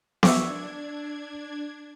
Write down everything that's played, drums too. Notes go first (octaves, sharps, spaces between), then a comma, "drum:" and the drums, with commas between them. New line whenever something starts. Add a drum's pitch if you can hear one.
D4 E5 C#6 D6 G#6, drum: snare B3